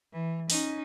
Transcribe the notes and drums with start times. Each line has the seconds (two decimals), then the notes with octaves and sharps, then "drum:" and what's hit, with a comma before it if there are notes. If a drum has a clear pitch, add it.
0.13 E3
0.50 C#4 D#4, drum: open hi-hat